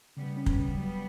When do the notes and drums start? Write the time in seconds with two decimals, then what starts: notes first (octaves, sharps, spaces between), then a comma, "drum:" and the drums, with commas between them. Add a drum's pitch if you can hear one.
0.16 C#3 G3 B3
0.37 C#4
0.46 drum: kick
0.57 C#3
0.77 F#3